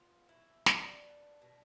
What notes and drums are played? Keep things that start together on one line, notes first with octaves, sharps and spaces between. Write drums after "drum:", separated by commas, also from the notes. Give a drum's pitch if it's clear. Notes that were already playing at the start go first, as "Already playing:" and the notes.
Already playing: B3 F4
B2 E4
B2 D4, drum: snare
B3
B2